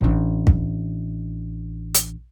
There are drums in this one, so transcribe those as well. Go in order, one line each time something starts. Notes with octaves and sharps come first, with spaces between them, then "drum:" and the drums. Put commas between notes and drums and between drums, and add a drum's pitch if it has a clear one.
A1 D4
drum: kick
drum: hi-hat